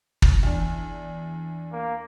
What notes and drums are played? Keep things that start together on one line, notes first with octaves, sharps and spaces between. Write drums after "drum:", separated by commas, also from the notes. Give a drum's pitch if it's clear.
drum: kick
E2 D4
A#3